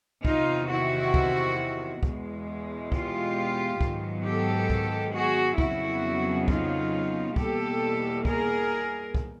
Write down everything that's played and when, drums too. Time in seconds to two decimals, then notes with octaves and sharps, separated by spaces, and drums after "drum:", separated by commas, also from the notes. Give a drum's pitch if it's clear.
0.25 E2 C3 D#3 D#4 F4, drum: kick
0.70 E4 F#4
1.14 drum: kick
2.03 E2 B2 G#3, drum: kick
2.92 F4 G4, drum: kick
3.81 G#2 D#3 F#3 B3, drum: kick
4.26 G4 A4
4.70 drum: kick
5.14 F#4 G#4
5.58 F2 C#3 F#3 B3 E4 F#4, drum: kick
6.48 D#4 F4, drum: kick
7.36 E2 B2 G3 A#3 G4 A4, drum: kick
8.25 G#4 A#4, drum: kick
9.15 drum: kick